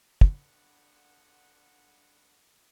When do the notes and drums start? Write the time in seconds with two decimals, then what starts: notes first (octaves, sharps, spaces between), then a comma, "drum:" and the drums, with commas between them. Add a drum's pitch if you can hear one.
0.21 G2 D3 B3 D4 F4 F#5, drum: kick